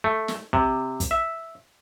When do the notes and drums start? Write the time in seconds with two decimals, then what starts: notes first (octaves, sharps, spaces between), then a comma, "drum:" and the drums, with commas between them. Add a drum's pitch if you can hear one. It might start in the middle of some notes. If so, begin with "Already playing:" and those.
0.04 A3
0.28 drum: snare
0.53 C3, drum: kick
1.00 drum: kick, hi-hat
1.11 E5